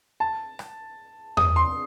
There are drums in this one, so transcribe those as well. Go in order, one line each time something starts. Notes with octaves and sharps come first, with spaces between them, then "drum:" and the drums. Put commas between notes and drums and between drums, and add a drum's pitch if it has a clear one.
A5
drum: rim click
D#6, drum: tom E2
C6